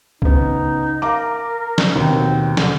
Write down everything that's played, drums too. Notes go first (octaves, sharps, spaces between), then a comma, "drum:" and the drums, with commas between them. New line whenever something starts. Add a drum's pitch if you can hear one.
C#3 B3 D#4, drum: kick C2
A#4 F5 A#5 D6
drum: snare
D#2 B2 C4
D3, drum: snare